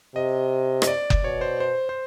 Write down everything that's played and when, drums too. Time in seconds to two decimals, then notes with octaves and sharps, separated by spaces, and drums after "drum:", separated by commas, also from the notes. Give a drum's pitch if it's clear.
0.15 C3 D#5
0.82 D#5, drum: rim click
0.87 D5
1.10 drum: kick F#1
1.24 B2 C#5
1.41 C5
1.60 C5
1.89 C5